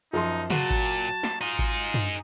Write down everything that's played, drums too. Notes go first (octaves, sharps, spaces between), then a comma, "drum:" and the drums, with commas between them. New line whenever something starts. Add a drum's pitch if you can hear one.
F#2 F3 D#4 C6
A#2 F#3 F#4 A5, drum: tom
drum: kick G#1
drum: snare
D#4 F4 G#4
drum: kick G#1
drum: tom F#2